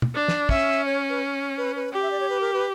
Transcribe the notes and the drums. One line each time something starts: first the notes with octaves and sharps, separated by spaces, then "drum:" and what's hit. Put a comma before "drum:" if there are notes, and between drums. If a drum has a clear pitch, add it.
drum: tom
D4
drum: snare
C#4 E5, drum: kick
C#5
B4
B4
B4
G4 G5
E5
D5
C#5
B4
A#4
B4